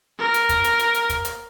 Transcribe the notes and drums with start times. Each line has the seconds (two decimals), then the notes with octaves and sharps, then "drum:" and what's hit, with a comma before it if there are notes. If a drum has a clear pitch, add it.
0.19 A#4
0.34 drum: hi-hat
0.49 drum: kick, hi-hat
0.64 drum: hi-hat
0.79 drum: hi-hat
0.94 drum: hi-hat
1.10 drum: kick, hi-hat
1.25 drum: hi-hat